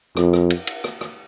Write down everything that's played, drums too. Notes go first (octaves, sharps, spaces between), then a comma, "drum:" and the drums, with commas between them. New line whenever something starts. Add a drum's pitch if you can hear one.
F2, drum: rim click
drum: rim click
drum: cymbal
drum: cymbal
drum: rim click
drum: rim click